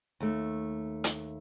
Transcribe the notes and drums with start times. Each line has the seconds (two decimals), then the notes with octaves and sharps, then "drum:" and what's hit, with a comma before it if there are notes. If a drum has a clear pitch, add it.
0.20 D#2 A3
1.04 drum: hi-hat